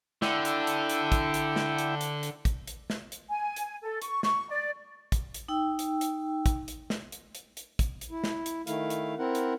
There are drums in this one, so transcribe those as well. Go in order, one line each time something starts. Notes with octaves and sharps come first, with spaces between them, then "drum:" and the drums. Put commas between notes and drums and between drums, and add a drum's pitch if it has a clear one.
D3 E4 G5, drum: snare
drum: hi-hat
drum: hi-hat
drum: hi-hat
drum: kick, hi-hat
drum: hi-hat
drum: snare
drum: hi-hat
drum: hi-hat
drum: hi-hat
drum: kick, hi-hat
drum: hi-hat
drum: snare
drum: hi-hat
G#5
drum: hi-hat
A4
C#6, drum: hi-hat
C#6, drum: snare
D5
drum: kick, hi-hat
drum: hi-hat
D#4 G5 E6
drum: hi-hat
drum: hi-hat
drum: kick, hi-hat
drum: hi-hat
drum: snare
drum: hi-hat
drum: hi-hat
drum: hi-hat
drum: kick, hi-hat
drum: hi-hat
E4
drum: snare
drum: hi-hat
D#3 A3 E4 F5, drum: hi-hat
drum: hi-hat
C4 E4 A#4 F#5
drum: hi-hat